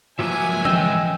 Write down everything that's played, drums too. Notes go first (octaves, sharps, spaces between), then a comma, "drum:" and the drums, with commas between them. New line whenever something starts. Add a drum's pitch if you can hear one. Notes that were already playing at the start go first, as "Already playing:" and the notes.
C#2 F3 F#3 A#3 E5 G#5
D#5 G5 E6, drum: tom E3